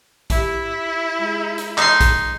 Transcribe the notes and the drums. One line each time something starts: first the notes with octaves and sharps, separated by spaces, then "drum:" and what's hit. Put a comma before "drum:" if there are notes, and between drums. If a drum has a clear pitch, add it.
E4 G4 E5, drum: kick A#1, hi-hat
G#3 F4 G#4
drum: hi-hat
D#4 C6, drum: clap
drum: kick A#1, hi-hat